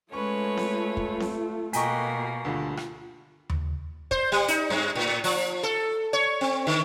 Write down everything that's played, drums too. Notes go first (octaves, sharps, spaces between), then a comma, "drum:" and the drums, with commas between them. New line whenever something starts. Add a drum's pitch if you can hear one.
G#3 A3 C#4 F4 B4 C#5 C#6
drum: snare C4
drum: kick
drum: snare C4
B2 A#3 D#5 G5 G#5 A#5 C#6 B6, drum: hi-hat
D2 G2 D3 F4
drum: rim click
drum: tom D#2
C5, drum: kick
G3
D#4, drum: hi-hat
G2, drum: snare C4
A2
F3, drum: open hi-hat
A4
C#5
C4
D3